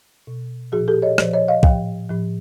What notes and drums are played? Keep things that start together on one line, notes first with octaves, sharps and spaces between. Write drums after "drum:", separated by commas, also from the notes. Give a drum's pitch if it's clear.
B2
A#2 F3 F#4 G#4
G4 A4
C#5 D#5
A#2 F3 C5 D5, drum: rim click
C#5 D#5
D#5 F5
A2 F3 F5 G5, drum: kick C2
A2 F3